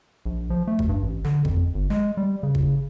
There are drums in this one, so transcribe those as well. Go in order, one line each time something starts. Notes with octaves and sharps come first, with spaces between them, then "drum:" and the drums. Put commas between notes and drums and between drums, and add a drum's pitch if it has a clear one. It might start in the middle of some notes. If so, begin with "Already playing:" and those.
A#1
F3
A3
drum: kick G1
G2
A1
D3, drum: snare
F2, drum: kick G1
G1
G#3, drum: snare
G3
C#3
drum: kick G1